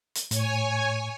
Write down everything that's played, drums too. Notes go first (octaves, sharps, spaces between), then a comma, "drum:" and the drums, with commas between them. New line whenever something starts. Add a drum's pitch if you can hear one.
drum: hi-hat
A2 C#5 G#5, drum: hi-hat